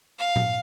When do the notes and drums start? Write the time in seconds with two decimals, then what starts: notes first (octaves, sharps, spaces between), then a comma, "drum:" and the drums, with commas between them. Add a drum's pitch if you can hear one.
0.19 F5
0.36 drum: tom A#2